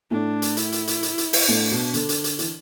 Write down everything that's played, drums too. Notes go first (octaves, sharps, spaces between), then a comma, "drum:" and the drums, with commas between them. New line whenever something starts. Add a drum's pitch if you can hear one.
A2 D4
drum: hi-hat
E4, drum: hi-hat
drum: hi-hat
drum: hi-hat
drum: hi-hat
drum: hi-hat
drum: open hi-hat
A2 D4
B2
D3, drum: hi-hat
drum: hi-hat
drum: hi-hat
E3, drum: hi-hat